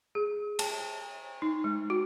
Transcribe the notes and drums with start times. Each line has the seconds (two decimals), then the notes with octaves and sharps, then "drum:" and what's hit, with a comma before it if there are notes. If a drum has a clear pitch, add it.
0.15 G#4
0.59 A5, drum: cymbal
1.42 D#4
1.64 G#3
1.90 F#4